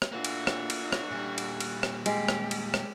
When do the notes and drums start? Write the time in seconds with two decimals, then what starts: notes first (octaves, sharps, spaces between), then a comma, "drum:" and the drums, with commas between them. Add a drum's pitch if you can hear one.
0.02 drum: rim click
0.12 E3 A3 A#3 D4 F4 F#4
0.24 drum: cymbal
0.47 drum: rim click
0.70 drum: cymbal
0.92 drum: rim click
1.11 A#2 G3
1.38 drum: cymbal
1.60 drum: cymbal
1.83 drum: rim click
2.06 G#3 G4, drum: cymbal
2.28 drum: rim click
2.51 drum: cymbal
2.74 drum: rim click